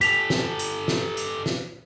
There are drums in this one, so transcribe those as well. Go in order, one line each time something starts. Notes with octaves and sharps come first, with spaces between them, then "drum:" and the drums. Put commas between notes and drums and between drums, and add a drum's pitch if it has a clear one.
G4 A4 B6 F7, drum: hi-hat
drum: snare
drum: hi-hat
drum: snare
drum: hi-hat
drum: snare